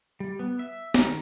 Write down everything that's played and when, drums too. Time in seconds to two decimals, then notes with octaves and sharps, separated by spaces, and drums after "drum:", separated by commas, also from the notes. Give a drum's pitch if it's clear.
0.20 G3
0.39 B3
0.59 E5
0.94 D#4, drum: snare
1.07 D#3